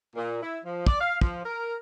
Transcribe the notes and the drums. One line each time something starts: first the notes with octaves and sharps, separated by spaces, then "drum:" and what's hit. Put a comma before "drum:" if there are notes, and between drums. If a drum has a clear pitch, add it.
A#2
E4
F3
D5, drum: kick
F5
F3, drum: kick
A#4